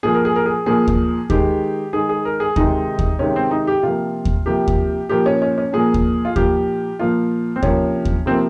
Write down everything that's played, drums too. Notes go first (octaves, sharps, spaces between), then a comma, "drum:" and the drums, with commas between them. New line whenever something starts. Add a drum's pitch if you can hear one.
A#2 F3 A#3 G#4
A#4
G#4
A#4
G#4
A#2 F3 A#3 G#4
drum: kick D#2
D#3 G#3 G4, drum: kick D#2
D#3 G#3 G#4
G#4
A#4
G#4
C3 D#3 G#3 D#4, drum: kick D#2
drum: kick D#2
C3 D#3 G#3 C#4
C4
D#4
G4
C3 F3 A#3 F4
drum: kick D#2
C3 F3 A#3 G4
drum: kick D#2
A#2 F3 A#3 G4
C#4
C#4
C#4
A#2 F3 A#3 G#4
drum: kick D#2
F4
A#2 F3 A#3 G4, drum: kick D#2
A#2 F3 A#3 F4
C4
C3 F3 A#3 C#4, drum: kick D#2
drum: kick D#2
C3 F3 A#3 C4